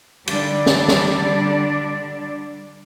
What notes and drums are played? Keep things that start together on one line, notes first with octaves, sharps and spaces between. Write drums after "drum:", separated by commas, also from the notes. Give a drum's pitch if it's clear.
D3 G3 D4 D5, drum: cymbal
drum: snare
drum: snare